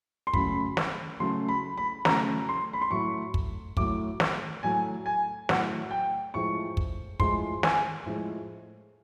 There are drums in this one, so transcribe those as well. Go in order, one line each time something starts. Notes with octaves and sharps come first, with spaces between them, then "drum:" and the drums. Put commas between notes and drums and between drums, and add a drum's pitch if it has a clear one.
C6
C#3 F#3 A3 B5, drum: kick
drum: snare
C#3 F#3 A3 C6
B5
B5
C#3 F#3 A3 A#5, drum: snare
C6
B5
C6
A2 F#3 A3 C#6
drum: kick
A2 F#3 A3 D6, drum: kick
drum: snare
A2 F#3 A3 G#5
G#5
A2 F#3 A3 F#5, drum: snare
G5
A2 F3 G#3 C#6
drum: kick
A2 F3 G#3 C6, drum: kick
G#5, drum: snare
A2 F3 G#3